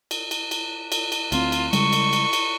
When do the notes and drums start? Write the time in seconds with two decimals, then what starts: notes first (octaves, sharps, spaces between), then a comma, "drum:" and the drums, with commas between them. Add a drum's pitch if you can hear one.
0.11 drum: cymbal
0.31 drum: cymbal
0.51 drum: cymbal
0.92 drum: cymbal
1.12 drum: cymbal
1.32 D2 C4 F4, drum: cymbal
1.52 drum: cymbal
1.73 C#3 G3 G#3 C#6, drum: cymbal
1.93 drum: cymbal
2.13 drum: cymbal
2.33 drum: cymbal